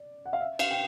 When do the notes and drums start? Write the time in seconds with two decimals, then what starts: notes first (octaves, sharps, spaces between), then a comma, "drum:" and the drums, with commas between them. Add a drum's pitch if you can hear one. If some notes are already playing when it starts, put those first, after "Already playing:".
Already playing: D5
0.26 F#5
0.33 F5
0.40 E5
0.59 F5, drum: cymbal
0.71 G5